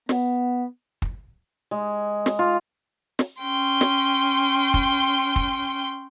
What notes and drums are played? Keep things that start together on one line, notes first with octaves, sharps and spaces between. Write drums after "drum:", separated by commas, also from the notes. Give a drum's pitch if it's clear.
B3, drum: snare
drum: kick
G#3
drum: snare
F4
drum: snare
C#4 G5 C6
drum: snare
drum: kick
drum: kick